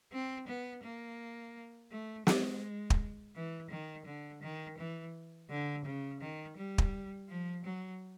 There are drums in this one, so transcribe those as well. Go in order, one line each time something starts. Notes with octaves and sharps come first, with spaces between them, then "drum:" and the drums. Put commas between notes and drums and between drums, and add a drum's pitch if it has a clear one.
C4
B3
A#3
A3
G#3, drum: snare
drum: kick
E3
D#3
D3
D#3
E3
D3
C#3
D#3
G3
drum: kick
F3
F#3